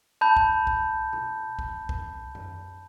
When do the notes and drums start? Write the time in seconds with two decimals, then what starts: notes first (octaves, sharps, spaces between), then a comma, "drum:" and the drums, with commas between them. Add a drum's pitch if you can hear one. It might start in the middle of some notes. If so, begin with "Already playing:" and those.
0.21 A5 B5 G6
0.37 drum: kick
0.67 drum: kick
1.13 drum: tom B2
1.59 drum: kick
1.89 drum: kick
2.35 drum: tom F#2